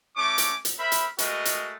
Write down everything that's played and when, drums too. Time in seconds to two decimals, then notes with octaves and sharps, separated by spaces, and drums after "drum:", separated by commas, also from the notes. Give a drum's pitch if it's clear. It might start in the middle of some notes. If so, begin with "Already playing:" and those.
0.16 A3 C#4 C#6 D6
0.38 drum: hi-hat
0.65 drum: hi-hat
0.78 A#4 C5 E5 B5
0.92 drum: hi-hat
1.19 G#3 A3 F#4 A#4 D#5, drum: hi-hat
1.45 drum: hi-hat